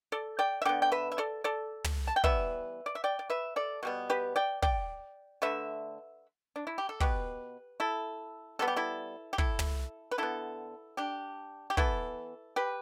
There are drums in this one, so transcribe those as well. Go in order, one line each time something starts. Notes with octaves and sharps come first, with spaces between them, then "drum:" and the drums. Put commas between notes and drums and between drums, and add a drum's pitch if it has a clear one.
A4 D5
D5 G5
E5
D3 B3 D5 G5
G5
B4 E5
E5
A4 D5
A4 D5
drum: tom
A5
G5
E3 G3 B3 B4 E5, drum: kick
D5
E5
D5 G5
D5
B4 E5
A4 D5
B2 G3 B3
G4 B4
D5 G5
D5 G5, drum: kick
D3 A3 B4 E5
D4
E4
G4
A4
B2 B3 G4 B4, drum: kick
E4 A4
D3 G3 B3 A4
G4
E4 A4
G4
E4 A4, drum: kick
drum: tom
B4
D3 B3 E4 A4
D4 G4
G4
E3 B3 E4 A4, drum: kick
G4 B4